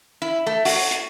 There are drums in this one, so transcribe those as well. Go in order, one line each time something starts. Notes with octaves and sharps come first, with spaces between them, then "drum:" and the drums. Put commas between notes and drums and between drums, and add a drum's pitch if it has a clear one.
E4
A3
F#4, drum: open hi-hat
drum: hi-hat